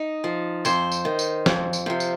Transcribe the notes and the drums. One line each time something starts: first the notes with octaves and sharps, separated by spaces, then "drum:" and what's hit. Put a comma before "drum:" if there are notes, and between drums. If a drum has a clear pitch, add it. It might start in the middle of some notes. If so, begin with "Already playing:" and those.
Already playing: D#4
F3
F2 C5, drum: tambourine
drum: tambourine
D#3
drum: tambourine
F2, drum: snare
drum: tambourine
C3 F3
drum: tambourine